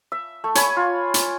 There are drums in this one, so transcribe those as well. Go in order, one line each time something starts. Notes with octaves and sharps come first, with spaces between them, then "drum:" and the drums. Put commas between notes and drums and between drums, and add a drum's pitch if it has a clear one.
E5
A3
C#5 G#5 B5, drum: hi-hat
F4
drum: hi-hat